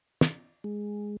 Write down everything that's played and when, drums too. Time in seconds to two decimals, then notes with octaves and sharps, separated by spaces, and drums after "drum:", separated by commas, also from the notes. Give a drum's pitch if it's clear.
0.21 drum: snare
0.64 G#3